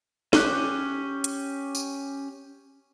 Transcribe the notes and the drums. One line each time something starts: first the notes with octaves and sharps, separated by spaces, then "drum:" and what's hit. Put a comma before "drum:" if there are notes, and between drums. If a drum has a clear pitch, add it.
C#4 G4 F#6, drum: snare
drum: hi-hat
drum: tambourine